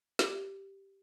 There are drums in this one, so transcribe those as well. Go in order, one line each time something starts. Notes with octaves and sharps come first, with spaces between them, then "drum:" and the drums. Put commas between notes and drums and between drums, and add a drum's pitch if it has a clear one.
G4, drum: snare